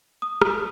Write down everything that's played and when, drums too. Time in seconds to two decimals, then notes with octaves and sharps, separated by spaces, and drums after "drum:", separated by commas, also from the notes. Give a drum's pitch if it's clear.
0.22 D#6
0.42 drum: rim click